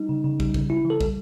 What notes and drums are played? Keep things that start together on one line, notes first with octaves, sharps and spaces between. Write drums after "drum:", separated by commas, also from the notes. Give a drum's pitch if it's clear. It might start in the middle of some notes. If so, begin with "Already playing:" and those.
Already playing: G3 D#4
C#3
C#3
G3, drum: kick
C#3, drum: kick
C#3 E4
E3
A4
G3, drum: kick